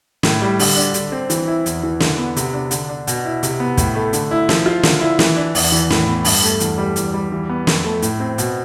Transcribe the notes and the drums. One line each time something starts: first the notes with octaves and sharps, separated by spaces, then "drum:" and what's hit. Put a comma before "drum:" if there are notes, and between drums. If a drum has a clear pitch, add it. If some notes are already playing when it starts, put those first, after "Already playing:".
A2, drum: snare
G3
D3, drum: open hi-hat
D4
D3, drum: hi-hat
C4
E3, drum: hi-hat
E4
E2, drum: hi-hat
E3
D3, drum: snare
B3
C3, drum: hi-hat
D4
D3, drum: hi-hat
D4
B2, drum: hi-hat
E4
C3, drum: hi-hat
B3
A2, drum: kick, hi-hat
A3
D3, drum: hi-hat
E4
F3, drum: snare
F4
D3, drum: snare
E4
E3, drum: snare
D4
E2, drum: open hi-hat
E3
A2, drum: snare
B3
G2, drum: open hi-hat
A3
E2, drum: hi-hat
G3
E2, drum: hi-hat
G3
E3
B3
F2, drum: snare
A3
A2, drum: hi-hat
C4
B2, drum: hi-hat